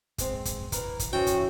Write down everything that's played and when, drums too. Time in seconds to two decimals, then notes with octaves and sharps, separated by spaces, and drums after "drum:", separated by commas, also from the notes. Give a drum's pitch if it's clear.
0.18 G#3 C4, drum: kick, hi-hat
0.45 drum: kick, hi-hat
0.72 E3 A#4 B4, drum: kick, hi-hat
0.99 drum: kick, hi-hat
1.13 E3 F3 C#4 F#4 G5
1.27 drum: kick, hi-hat